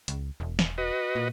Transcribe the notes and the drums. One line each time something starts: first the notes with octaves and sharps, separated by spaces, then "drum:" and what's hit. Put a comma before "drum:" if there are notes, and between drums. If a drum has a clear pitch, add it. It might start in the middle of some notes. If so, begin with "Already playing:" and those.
C#2, drum: hi-hat
E1
drum: snare
F#4 B4 D#5
A#2